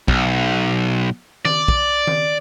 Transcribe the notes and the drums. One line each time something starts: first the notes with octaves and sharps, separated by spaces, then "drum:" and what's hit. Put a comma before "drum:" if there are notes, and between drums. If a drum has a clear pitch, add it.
B1, drum: kick
D5, drum: tom D#3
drum: kick
drum: tom D#3